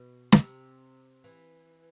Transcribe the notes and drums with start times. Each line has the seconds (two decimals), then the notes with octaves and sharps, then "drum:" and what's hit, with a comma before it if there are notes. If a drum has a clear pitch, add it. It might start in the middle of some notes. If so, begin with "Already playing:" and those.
Already playing: B2
0.32 C3, drum: snare
1.24 E3